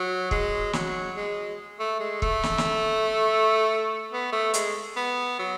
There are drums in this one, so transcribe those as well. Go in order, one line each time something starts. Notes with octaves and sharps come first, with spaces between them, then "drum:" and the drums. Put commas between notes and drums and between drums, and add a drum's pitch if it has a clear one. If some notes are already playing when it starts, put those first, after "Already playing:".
Already playing: F#3
G#3, drum: kick
F#3, drum: snare
G#3
A3
G#3
A3, drum: kick
drum: snare
drum: snare
B3
A3
G#3, drum: hi-hat
B3
F#3